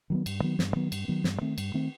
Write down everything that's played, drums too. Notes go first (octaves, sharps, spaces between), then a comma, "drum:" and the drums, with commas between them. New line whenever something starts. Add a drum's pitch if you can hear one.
D#3 F#3 B3
G2, drum: cymbal
D#3 F#3 B3
G2, drum: snare
D#3 F#3 B3
G2, drum: cymbal
D#3 F#3 B3
G2, drum: snare
D#3 A3 C4
G2, drum: cymbal
D#3 A3 C4